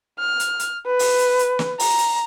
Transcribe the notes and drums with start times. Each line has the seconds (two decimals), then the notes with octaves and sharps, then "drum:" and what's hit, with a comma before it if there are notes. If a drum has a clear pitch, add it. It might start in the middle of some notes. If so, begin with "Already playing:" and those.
0.20 F6
0.40 drum: hi-hat
0.60 drum: hi-hat
0.87 B4
0.99 drum: open hi-hat
1.19 drum: hi-hat
1.39 drum: hi-hat
1.59 drum: snare
1.79 A#5, drum: open hi-hat
1.99 drum: hi-hat